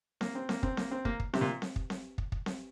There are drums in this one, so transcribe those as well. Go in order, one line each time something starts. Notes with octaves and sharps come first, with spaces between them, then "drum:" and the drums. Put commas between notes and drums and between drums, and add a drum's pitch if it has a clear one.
A#3, drum: snare C4
C4
A#3, drum: snare C4
C4, drum: kick
A#3, drum: snare C4
C4
A#3, drum: kick
drum: kick
C3, drum: snare C4
A#2
drum: snare C4
drum: kick
drum: snare C4
drum: kick
drum: kick
drum: snare C4